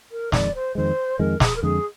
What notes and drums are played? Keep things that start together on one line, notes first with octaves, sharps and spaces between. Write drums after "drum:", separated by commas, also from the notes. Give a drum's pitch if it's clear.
A#4
F2 D#3 G#3 D5, drum: snare
C5
F2 D#3 G#3 C5
F2 D#3 G#3 A#4
G#4, drum: snare
A#4
F2 D3 G#3 G#4